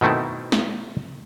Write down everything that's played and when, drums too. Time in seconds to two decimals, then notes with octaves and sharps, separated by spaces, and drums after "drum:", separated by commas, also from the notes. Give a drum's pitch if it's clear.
0.01 B2 D#3 A3 C4 E4
0.52 drum: snare